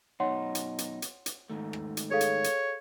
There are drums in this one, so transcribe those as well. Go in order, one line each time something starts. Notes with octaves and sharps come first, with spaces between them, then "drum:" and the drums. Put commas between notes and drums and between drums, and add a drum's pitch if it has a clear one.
F#2 B2 D#4 C#5 F#5 C6
drum: hi-hat
drum: hi-hat
drum: hi-hat
drum: hi-hat
G#2 D#3 A3
drum: rim click
drum: hi-hat
G#4 A4 C#5 F5
drum: hi-hat
drum: hi-hat